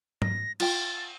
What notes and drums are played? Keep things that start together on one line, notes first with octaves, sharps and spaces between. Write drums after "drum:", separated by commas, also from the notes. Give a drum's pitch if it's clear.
A#6, drum: tom G#2
F4 G5 A6, drum: cymbal